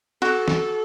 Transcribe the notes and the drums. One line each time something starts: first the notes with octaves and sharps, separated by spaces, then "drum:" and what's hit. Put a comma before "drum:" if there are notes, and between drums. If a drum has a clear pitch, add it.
F#4 A4, drum: cymbal
drum: snare